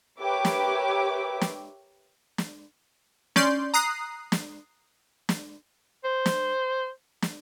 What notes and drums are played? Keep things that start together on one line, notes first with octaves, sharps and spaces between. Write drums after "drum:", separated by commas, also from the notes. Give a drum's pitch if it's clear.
G4 A#4 B4 C#5 E5 D6
drum: snare
drum: snare
drum: snare
C#4 D5 C6 G6, drum: snare
A#5 D#6 F#6 C7
drum: snare
drum: snare
C5
drum: snare
drum: snare